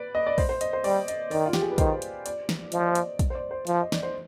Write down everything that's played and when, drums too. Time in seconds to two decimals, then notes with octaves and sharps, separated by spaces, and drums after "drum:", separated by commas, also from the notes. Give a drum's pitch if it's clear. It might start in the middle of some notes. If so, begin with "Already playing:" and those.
Already playing: B4 D5
0.15 D#5
0.27 D5
0.38 C5, drum: kick, open hi-hat
0.49 C5
0.61 D#5, drum: hi-hat
0.73 C5
0.84 G3 D5, drum: open hi-hat
1.08 D#5, drum: hi-hat
1.31 D#3 D5, drum: open hi-hat
1.46 F4
1.53 G4, drum: snare
1.62 G#4
1.71 B4
1.78 D#3 C5, drum: kick, hi-hat
2.02 drum: hi-hat
2.26 D5, drum: hi-hat
2.49 drum: snare
2.72 F3 D#5, drum: hi-hat
2.80 D5
2.88 C5
2.95 D5, drum: hi-hat
3.19 drum: kick, hi-hat
3.30 C5
3.35 D5
3.51 C5
3.67 F3, drum: hi-hat
3.81 D#5
3.92 D5, drum: snare
4.03 C5